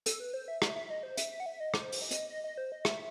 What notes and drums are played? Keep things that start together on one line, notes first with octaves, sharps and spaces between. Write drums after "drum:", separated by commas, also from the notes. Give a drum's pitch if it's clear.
A4, drum: hi-hat
B4
C5
E5
E5, drum: rim click
E5
D#5
C5
E5, drum: hi-hat
E5
F#5
E5
D#5
C5, drum: rim click
drum: open hi-hat
D#5
drum: hi-hat
D#5
D#5
C5
D#5
E5, drum: rim click